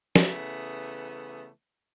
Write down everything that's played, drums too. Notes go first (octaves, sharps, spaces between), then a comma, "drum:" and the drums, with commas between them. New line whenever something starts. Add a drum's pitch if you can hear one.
C#3 E3 A3 B3, drum: snare